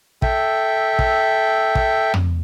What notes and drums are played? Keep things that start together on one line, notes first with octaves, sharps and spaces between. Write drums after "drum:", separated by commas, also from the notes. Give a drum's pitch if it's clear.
A4 E5 G5, drum: kick
drum: kick
drum: kick
drum: tom